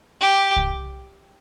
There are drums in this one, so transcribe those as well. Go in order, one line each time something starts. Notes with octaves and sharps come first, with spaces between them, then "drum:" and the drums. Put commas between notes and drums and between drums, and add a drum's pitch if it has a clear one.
G4
drum: kick C2